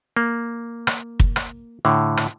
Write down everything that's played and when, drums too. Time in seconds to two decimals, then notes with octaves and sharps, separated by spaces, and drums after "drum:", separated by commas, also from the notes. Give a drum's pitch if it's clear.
0.17 A#3
0.87 drum: rim click
1.20 drum: kick
1.36 drum: rim click
1.85 A2 D3
2.17 drum: rim click